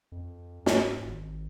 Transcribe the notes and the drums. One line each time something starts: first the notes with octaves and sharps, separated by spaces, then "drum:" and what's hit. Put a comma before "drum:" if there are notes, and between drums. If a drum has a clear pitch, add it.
F2
G#2, drum: snare
G#1